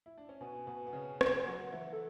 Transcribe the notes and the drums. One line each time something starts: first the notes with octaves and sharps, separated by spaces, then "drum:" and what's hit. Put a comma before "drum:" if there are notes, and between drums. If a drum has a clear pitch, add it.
E4
D4
C#4
B2 B3 G#5
B2 B3
B3
C#3 C#4
drum: rim click
F#3 F#4 F#5
E3 E4
A4